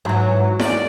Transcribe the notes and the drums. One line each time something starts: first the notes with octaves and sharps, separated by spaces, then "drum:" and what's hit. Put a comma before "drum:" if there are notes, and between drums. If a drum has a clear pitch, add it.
G#2 E3 F#3
D#3 G#3 D5, drum: snare E4